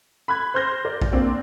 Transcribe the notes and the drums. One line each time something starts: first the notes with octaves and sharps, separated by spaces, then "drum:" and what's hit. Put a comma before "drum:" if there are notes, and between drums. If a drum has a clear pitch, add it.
B5 F#6 G#6
C5 C6 F6 G6 A#6
A#4 D5
drum: kick A#1
A#3 C4 D4